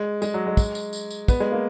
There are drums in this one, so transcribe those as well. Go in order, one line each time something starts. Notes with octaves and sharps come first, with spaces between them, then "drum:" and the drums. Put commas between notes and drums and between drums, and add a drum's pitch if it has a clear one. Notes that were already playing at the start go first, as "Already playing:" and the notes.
Already playing: G#3
G#3, drum: tambourine
F#3
G#3
drum: kick, tambourine
drum: tambourine
drum: tambourine
drum: tambourine
B3, drum: kick, tambourine
G#3
A#3